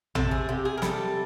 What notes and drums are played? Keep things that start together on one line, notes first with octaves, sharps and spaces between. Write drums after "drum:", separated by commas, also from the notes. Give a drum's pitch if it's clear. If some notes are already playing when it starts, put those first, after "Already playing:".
C3 A4, drum: tom A1
G#4
C3 G4
G#4
A#4
G3 A4, drum: snare